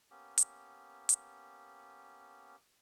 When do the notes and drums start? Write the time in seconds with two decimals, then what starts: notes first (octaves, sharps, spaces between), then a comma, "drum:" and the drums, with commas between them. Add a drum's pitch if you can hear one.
0.11 A#3 B3 C#4 G4
0.38 drum: hi-hat
1.09 drum: hi-hat